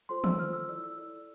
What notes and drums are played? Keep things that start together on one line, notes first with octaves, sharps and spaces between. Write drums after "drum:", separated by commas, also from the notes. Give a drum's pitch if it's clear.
F4 A4 C5 C6
E6, drum: tom
F4 A4 C5 F6
E6
E4 A4 D5 E6
E6
E4 A4 D5